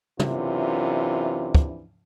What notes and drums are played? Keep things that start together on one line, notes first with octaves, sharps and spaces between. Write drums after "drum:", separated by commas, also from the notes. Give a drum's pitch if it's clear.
F#2 C3 E3 D4 F4, drum: tom
drum: kick